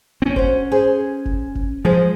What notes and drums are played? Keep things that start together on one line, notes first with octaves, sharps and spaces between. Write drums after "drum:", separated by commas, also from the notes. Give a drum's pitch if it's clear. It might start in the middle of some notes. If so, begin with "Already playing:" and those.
C4 C#4
F#4 C5, drum: kick F1
G#4 C5
drum: kick F1
drum: kick F1
F3 G#3 G#4 C5